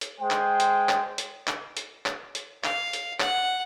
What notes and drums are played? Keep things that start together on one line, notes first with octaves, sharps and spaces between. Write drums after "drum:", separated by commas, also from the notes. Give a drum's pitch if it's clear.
drum: hi-hat
G#3 C5 G5
drum: clap
drum: hi-hat
drum: clap
drum: hi-hat
drum: clap
drum: hi-hat
drum: clap
drum: hi-hat
F5, drum: clap
drum: hi-hat
F#5, drum: clap